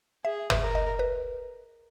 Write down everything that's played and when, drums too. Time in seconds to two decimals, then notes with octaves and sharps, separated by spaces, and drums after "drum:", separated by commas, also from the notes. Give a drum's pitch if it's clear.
0.25 G#4 E5
0.50 E5, drum: tom
0.62 A#4
0.75 D#5
0.99 B4